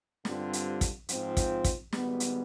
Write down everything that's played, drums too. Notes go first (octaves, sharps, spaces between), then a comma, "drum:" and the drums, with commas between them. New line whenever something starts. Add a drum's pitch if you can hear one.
G2 D3 G3 C4 F4, drum: snare
drum: hi-hat
drum: kick, hi-hat
G#2 F3 C4, drum: hi-hat
drum: kick, hi-hat
drum: kick, hi-hat
G#1 G#2 G3 B3, drum: snare
drum: hi-hat